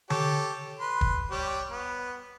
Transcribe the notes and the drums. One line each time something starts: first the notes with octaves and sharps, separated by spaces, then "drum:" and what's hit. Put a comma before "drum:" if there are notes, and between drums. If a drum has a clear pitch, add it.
G4 A4 C#5, drum: tom D3
B4 C6
drum: kick
G3 G4 C#5
B3